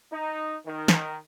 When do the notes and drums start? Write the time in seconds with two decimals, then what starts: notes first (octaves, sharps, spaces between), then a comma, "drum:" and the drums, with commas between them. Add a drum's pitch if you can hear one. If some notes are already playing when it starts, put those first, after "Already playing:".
0.11 D#4
0.66 D#3
0.88 drum: snare